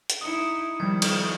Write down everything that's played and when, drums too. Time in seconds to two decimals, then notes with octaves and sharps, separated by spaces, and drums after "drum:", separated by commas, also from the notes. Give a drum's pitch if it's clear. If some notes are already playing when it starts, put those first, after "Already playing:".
0.10 drum: hi-hat
0.21 D#4 E4 D#6 C#7
0.80 D#3 F3 G3 E4 G#6
1.02 drum: cymbal